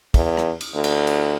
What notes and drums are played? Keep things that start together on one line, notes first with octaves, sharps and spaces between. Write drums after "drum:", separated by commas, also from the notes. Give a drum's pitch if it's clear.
E2, drum: kick, cymbal
drum: rim click
drum: cymbal
D2
drum: cymbal
drum: cymbal